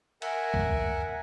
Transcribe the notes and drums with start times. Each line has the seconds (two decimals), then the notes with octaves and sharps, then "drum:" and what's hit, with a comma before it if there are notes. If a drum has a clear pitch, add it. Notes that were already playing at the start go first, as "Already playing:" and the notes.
0.22 A#4 E5 F#5 G#5, drum: cymbal
0.54 drum: kick C#2